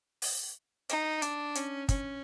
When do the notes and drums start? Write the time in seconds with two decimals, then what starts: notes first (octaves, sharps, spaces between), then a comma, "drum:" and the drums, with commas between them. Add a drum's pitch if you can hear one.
0.22 drum: open hi-hat
0.89 D#4, drum: hi-hat
1.22 D4, drum: hi-hat
1.55 C#4, drum: hi-hat
1.89 C#4, drum: kick, hi-hat